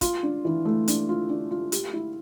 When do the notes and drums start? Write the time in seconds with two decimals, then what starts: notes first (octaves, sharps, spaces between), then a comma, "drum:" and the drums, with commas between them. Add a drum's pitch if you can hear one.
0.01 F4, drum: kick, hi-hat
0.23 D4
0.45 E3
0.65 A3
0.88 D4, drum: hi-hat
1.09 F4
1.29 D4
1.51 F4
1.72 G4, drum: hi-hat
1.93 E4